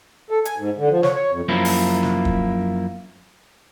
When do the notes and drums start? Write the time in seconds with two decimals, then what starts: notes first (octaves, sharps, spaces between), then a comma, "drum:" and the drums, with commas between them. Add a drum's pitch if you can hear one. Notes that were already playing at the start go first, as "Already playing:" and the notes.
0.30 A4
0.45 G#5, drum: hi-hat
0.57 G#2
0.78 D3
0.90 F3
1.03 C#5, drum: snare
1.15 C#5
1.31 F2
1.48 F#2 F3 A#3 E4
1.65 drum: open hi-hat
2.03 drum: snare
2.25 drum: kick